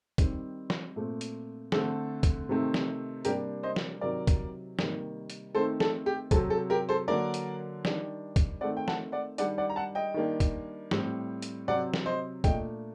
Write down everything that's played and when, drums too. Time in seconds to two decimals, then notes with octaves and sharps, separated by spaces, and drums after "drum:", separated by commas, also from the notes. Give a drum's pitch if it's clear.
0.18 D#3 G3 C4, drum: kick, hi-hat
0.70 drum: snare
0.96 A#2 A3 C4
1.21 drum: hi-hat
1.72 D3 A3 C4 A4, drum: snare
2.23 drum: kick, hi-hat
2.49 C3 D#3 A3 C4
2.74 drum: snare
3.25 C3 G3 A#3 D4 G4 A#4, drum: hi-hat
3.63 C5 D#5
3.76 drum: snare
4.01 C3 D#3 F#3 A#4 D5
4.27 drum: kick, hi-hat
4.79 C3 D#3 G3 A#3, drum: snare
5.30 drum: hi-hat
5.55 D#3 A3 C4 A4 C5
5.80 A4, drum: snare
6.06 G4
6.31 C3 F#3 C4 A4, drum: kick, hi-hat
6.50 A4
6.70 G4 A#4
6.89 A4 C5
7.08 D3 F#3 A#3 D4 A#4 D5
7.34 drum: hi-hat
7.85 D#3 G3 D4, drum: snare
8.36 drum: kick, hi-hat
8.61 D#3 A3 C4 D5 F#5
8.77 G5
8.88 F#5 A5, drum: snare
9.12 D5 F#5
9.38 D#3 G3 D4 D5 F#5, drum: hi-hat
9.58 D5 F#5
9.70 A#5
9.76 F#5 A5
9.95 D#5 G5
10.14 D#3 G3 A#3 D4
10.40 drum: kick, hi-hat
10.91 A2 G3 C4, drum: snare
11.42 drum: hi-hat
11.68 C3 F#3 C4 D5 F#5
11.94 drum: snare
12.06 C5 D#5
12.44 A#2 A3 D4 D#5 G5, drum: kick, hi-hat